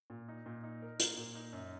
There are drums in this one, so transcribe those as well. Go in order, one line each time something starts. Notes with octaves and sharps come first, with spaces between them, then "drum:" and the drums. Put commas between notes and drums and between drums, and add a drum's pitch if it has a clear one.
A#2
D#4
A#2
D#4
A#4
A#3, drum: hi-hat
A#2
D#4
F#2